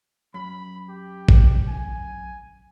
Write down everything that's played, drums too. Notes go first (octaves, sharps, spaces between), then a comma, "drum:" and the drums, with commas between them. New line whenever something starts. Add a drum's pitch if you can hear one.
F#2 B5
G4
drum: kick A1
G#5